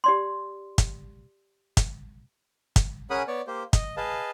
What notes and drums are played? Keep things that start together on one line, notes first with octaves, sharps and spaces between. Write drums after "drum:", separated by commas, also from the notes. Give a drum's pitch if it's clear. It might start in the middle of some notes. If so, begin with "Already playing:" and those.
G4 D5 C6
drum: kick, hi-hat
drum: kick, hi-hat
drum: kick, hi-hat
C#4 G#4 A#4 F#5 B5 D#6
B3 C#5 D5
A#3 G4 C5
D#5, drum: kick, hi-hat
G#4 B4 D#5 F5 A5